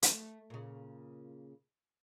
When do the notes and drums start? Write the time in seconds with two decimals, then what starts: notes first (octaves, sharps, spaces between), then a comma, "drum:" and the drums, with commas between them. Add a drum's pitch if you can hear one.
0.03 A3, drum: hi-hat
0.50 A#2 C#3